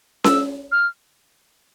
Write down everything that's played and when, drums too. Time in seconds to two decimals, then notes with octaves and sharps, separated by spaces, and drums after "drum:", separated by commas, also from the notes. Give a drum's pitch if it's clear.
0.24 E6, drum: snare C#4
0.72 F6